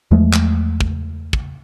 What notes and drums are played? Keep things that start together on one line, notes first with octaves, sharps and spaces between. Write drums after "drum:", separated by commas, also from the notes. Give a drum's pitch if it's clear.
E2 F3 G#3 A3
drum: clap
drum: kick
drum: kick